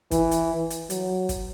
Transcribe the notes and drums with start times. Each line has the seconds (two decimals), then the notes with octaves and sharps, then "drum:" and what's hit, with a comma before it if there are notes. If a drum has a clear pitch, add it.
0.11 E3, drum: kick, hi-hat
0.31 drum: hi-hat
0.70 drum: hi-hat
0.90 F#3, drum: hi-hat
1.29 drum: kick, hi-hat